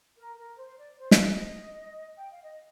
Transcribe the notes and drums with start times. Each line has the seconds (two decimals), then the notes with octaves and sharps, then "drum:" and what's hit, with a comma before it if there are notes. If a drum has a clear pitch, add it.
0.18 A#4
0.38 A#4
0.57 C5
0.78 D5
0.98 C5
1.11 D5, drum: snare
1.24 D#5
2.17 G5
2.32 F5
2.44 D#5